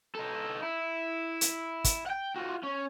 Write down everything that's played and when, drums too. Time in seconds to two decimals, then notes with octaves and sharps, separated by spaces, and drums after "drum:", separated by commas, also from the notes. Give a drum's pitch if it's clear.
0.15 D#4 A4
0.62 E4
1.41 drum: hi-hat
1.84 drum: kick, hi-hat
2.06 F#5 G5
2.36 F4 F#4
2.63 C#4